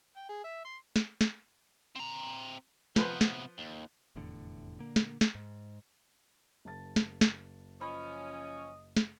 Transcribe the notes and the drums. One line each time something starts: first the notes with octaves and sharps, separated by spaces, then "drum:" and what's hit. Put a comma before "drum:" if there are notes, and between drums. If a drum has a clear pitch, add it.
G5
G#4
E5
C6
drum: snare
drum: snare
C4 A#5
C3 F3 B3 B4 C5, drum: snare
drum: snare
D#2
F1 E2 A2 D3
A#2 D3 A#3
drum: snare
drum: snare
G#2
F#1 A5 A6
drum: snare
drum: snare
F3 C#4 D#5 B5
drum: snare